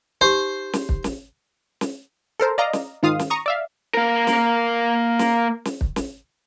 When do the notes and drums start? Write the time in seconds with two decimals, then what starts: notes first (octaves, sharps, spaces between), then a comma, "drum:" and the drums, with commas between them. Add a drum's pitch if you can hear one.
0.21 D#4 G4 C5
0.73 drum: snare
0.89 drum: kick
1.04 drum: snare
1.81 drum: snare
2.40 A4 A#4 C5
2.58 D5 D#5 F5 A#5
2.73 drum: snare
3.03 G#2 D#3 F4 F5 D#6
3.19 drum: snare
3.30 A#5 C#6 D#6
3.46 D5 E5 F5
3.94 A#3 A#4
4.27 drum: snare
5.19 drum: snare
5.65 drum: snare
5.81 drum: kick
5.96 drum: snare